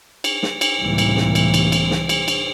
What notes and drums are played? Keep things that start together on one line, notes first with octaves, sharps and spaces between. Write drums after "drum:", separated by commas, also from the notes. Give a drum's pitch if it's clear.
drum: cymbal
drum: snare
drum: cymbal
C#2 A2 C3 E3 G3 A#3
drum: cymbal
drum: snare
drum: cymbal
drum: cymbal
drum: cymbal
drum: snare
drum: cymbal
drum: cymbal